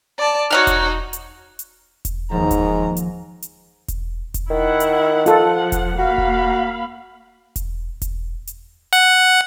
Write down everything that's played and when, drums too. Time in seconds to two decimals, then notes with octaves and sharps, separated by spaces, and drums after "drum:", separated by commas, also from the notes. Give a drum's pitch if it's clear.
0.18 D5 A5
0.51 D#4 F#4 C#5 F#5 F6
0.67 drum: kick E1, hi-hat
1.13 drum: hi-hat
1.59 drum: hi-hat
2.05 drum: kick E1, hi-hat
2.31 D#2 G#2 D#3 F3 A#5
2.51 drum: kick E1, hi-hat
2.97 drum: hi-hat
3.42 drum: hi-hat
3.88 drum: kick E1, hi-hat
4.34 drum: kick E1, hi-hat
4.50 D#3 E4 F#5
4.80 drum: hi-hat
5.26 F3 F4 A4 F#5, drum: hi-hat
5.72 drum: kick E1, hi-hat
5.99 A#3 F#4 F5 B5
6.18 drum: kick E1
7.56 drum: kick E1, hi-hat
8.02 drum: kick E1, hi-hat
8.47 drum: hi-hat
8.93 F#5, drum: hi-hat